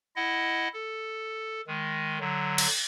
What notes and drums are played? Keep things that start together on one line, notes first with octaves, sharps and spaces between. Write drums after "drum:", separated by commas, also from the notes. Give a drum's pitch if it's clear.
E4 D#5 F#5
A4
D#3 G#3
D3 F#3
drum: cymbal